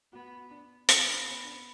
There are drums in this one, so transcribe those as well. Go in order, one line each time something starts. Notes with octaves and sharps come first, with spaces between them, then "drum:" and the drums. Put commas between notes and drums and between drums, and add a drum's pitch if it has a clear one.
B3 F#4
D4
B3 F4, drum: hi-hat
D4
C#4
D4